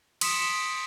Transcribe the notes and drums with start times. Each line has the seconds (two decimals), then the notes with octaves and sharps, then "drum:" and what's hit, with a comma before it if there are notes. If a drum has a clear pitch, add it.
0.21 C6 D#6 B6 C#7 D7 E7, drum: cymbal